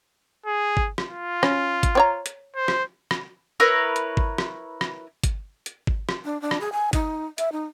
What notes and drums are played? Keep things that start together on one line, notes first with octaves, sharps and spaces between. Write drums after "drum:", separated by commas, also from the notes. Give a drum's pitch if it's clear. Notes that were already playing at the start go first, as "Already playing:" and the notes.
G#4
drum: kick G1
drum: rim click
F4
C#4, drum: rim click
drum: kick G1, hi-hat
C4 C#5 A#5
drum: hi-hat
C5
drum: rim click
drum: rim click
E4 A#4 B4 C#5
drum: hi-hat
drum: kick G1
drum: rim click
drum: rim click
drum: kick G1, hi-hat
drum: hi-hat
drum: kick G1
drum: rim click
D4
D4
drum: rim click
G#4
G#5
D#4, drum: kick G1, hi-hat
E5, drum: hi-hat
D#4